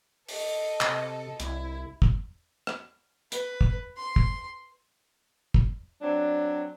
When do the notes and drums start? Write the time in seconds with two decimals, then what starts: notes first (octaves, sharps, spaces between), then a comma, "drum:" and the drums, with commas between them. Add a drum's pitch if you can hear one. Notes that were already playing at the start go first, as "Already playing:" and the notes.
0.29 A4 D#5, drum: open hi-hat
0.81 C3, drum: clap
1.40 C2 E4, drum: hi-hat
2.02 drum: kick
2.67 drum: rim click
3.32 B4, drum: hi-hat
3.61 drum: kick
3.97 C6
4.16 drum: kick
5.54 drum: kick
6.01 F#3 C4 D4